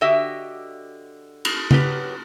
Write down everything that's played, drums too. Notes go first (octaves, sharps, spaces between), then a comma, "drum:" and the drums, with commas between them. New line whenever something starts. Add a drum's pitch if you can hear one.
D3 F#4 G4 D#5 E5
drum: cymbal
F#3 G4 B4, drum: tom C#3